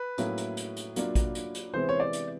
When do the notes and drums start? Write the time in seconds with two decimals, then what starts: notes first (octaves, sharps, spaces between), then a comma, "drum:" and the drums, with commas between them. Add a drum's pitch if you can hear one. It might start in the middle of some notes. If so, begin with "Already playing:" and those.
Already playing: B4
0.18 A2 F#3 A#3 C#4 E4, drum: hi-hat
0.37 drum: hi-hat
0.57 drum: hi-hat
0.76 drum: hi-hat
0.96 F#3 A#3 D4 F4, drum: hi-hat
1.15 drum: kick, hi-hat
1.35 drum: hi-hat
1.54 drum: hi-hat
1.73 C3 E3 G#3 B3 C5
1.89 C#5
2.00 D5
2.13 drum: hi-hat